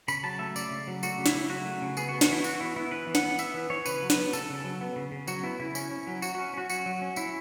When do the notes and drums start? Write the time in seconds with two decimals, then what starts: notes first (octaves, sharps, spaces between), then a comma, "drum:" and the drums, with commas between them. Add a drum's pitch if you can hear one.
0.08 C#3 B5, drum: tambourine
0.23 F#3 A5
0.39 A3 E5
0.56 C#3 D5, drum: tambourine
0.71 C#3
0.87 F#3
1.03 A3 F#4, drum: tambourine
1.19 C#3
1.26 E4, drum: snare
1.34 C#3
1.50 F#3 F#4
1.65 A3
1.82 C#3
1.97 B3 G#4, drum: tambourine
2.09 F#4
2.12 B3
2.21 F#4, drum: snare
2.29 E3 E4
2.44 E3 F#4, drum: tambourine
2.60 B3 E4
2.76 B3 E4
2.91 E3 B4
3.07 E3
3.15 F#5, drum: snare
3.23 B3
3.39 B3 E5, drum: tambourine
3.54 E3
3.70 E3 C#5
3.86 C#3 B4, drum: tambourine
4.02 F#3
4.10 B4, drum: snare
4.18 B3
4.33 C#3 A4, drum: tambourine
4.50 C#3
4.64 F#3
4.81 B3
4.96 C#3
5.12 C#3
5.27 F#3 F#4, drum: tambourine
5.43 B3 E4
5.60 C#3 E4
5.75 C#4, drum: tambourine
5.91 C#4
6.07 F#3
6.22 F#3 F#4, drum: tambourine
6.35 C#4 F#4
6.54 C#4 F#4
6.69 F#3 F#4, drum: tambourine
6.86 F#3
7.02 C#4
7.16 C#4 E4, drum: tambourine